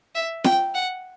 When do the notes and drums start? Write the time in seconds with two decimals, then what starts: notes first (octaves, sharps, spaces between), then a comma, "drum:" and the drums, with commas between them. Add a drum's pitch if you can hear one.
0.15 E5
0.44 G5, drum: snare
0.74 F#5